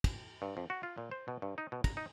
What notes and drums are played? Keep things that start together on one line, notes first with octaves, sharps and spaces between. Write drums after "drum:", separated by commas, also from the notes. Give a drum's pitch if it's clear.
drum: kick, cymbal
G2
F2
F#4
F4
A#2
C5
B2
G2
D#4
B2
A#5, drum: kick, cymbal
D#4